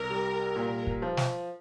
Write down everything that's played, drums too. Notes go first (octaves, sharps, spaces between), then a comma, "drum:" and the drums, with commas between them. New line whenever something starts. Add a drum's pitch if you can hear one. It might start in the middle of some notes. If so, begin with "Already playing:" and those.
Already playing: C2 A#4
G3
A#2
drum: kick
F3
drum: snare